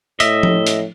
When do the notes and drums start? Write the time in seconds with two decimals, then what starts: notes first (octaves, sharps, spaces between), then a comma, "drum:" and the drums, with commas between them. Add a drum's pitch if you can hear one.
0.20 A2 D#5 E5, drum: hi-hat
0.43 drum: tom F3
0.67 drum: hi-hat